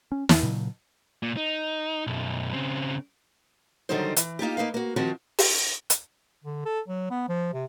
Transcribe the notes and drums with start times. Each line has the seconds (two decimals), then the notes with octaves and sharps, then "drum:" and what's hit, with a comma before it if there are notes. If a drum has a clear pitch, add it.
0.12 C#4
0.29 E2, drum: snare
0.43 A#2 C#3 F#3
1.22 A#2
1.37 D#4
2.07 B1 F#2
2.54 C#3 C4
3.89 D3 D#3 F#3 G3 D#4 C5
4.16 E3, drum: hi-hat
4.39 A#3 D#4 F4 G4
4.57 A#3 D#4 B4 F5
4.74 A#3 F#4
4.96 D#3 F3 C4 F#4 G4
5.38 drum: open hi-hat
5.90 drum: hi-hat
6.44 D3
6.65 A4
6.88 F#3
7.10 B3
7.29 F3
7.54 C3